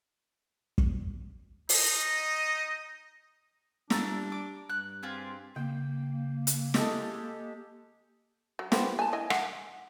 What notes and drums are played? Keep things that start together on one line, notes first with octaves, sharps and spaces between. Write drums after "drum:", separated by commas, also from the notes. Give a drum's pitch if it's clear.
drum: kick
D#4 D#5, drum: open hi-hat
G3 D4 A#5 E6 A6, drum: snare
D6
G2 F#6
C4 F4 G4 G#4
C#3 A#3 G5
drum: hi-hat
G#3 G4 A4, drum: snare
F#3
G3 B3 C4, drum: snare
G#5 A5
E4 D#5 G#5
F#5, drum: rim click